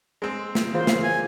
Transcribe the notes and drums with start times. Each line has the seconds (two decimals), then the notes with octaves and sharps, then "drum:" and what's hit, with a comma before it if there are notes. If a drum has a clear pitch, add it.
0.22 G#3 C4
0.55 drum: snare
0.74 C#3 E3 A#3 F4 C5
0.87 drum: snare
1.03 G#5